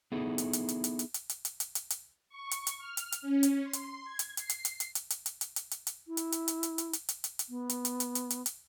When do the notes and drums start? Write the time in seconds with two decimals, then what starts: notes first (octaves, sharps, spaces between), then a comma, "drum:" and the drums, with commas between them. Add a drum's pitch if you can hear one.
0.12 B3 D#4 E4 G#4 A4
0.38 drum: hi-hat
0.53 drum: hi-hat
0.69 drum: hi-hat
0.84 drum: hi-hat
0.99 drum: hi-hat
1.14 drum: hi-hat
1.29 drum: hi-hat
1.45 drum: hi-hat
1.60 drum: hi-hat
1.75 drum: hi-hat
1.90 drum: hi-hat
2.29 C#6
2.51 drum: hi-hat
2.67 drum: hi-hat
2.78 F6
2.97 drum: hi-hat
3.12 drum: hi-hat
3.22 C#4
3.43 drum: hi-hat
3.64 C6
3.73 drum: hi-hat
4.04 G#6
4.19 drum: hi-hat
4.37 C7, drum: hi-hat
4.50 drum: hi-hat
4.65 drum: hi-hat
4.80 drum: hi-hat
4.95 drum: hi-hat
5.10 drum: hi-hat
5.26 drum: hi-hat
5.41 drum: hi-hat
5.56 drum: hi-hat
5.71 drum: hi-hat
5.87 drum: hi-hat
6.07 E4
6.17 drum: hi-hat
6.32 drum: hi-hat
6.48 drum: hi-hat
6.63 drum: hi-hat
6.78 drum: hi-hat
6.93 drum: hi-hat
7.09 drum: hi-hat
7.24 drum: hi-hat
7.39 drum: hi-hat
7.49 B3
7.70 drum: hi-hat
7.85 drum: hi-hat
8.00 drum: hi-hat
8.15 drum: hi-hat
8.30 drum: hi-hat
8.46 drum: hi-hat